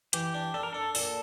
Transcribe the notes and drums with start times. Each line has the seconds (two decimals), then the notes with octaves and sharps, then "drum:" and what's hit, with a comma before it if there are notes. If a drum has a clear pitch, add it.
0.13 E3 G4, drum: hi-hat
0.34 D4
0.54 D4 A4
0.63 A#4
0.73 D4 A4
0.95 A#2 A4, drum: open hi-hat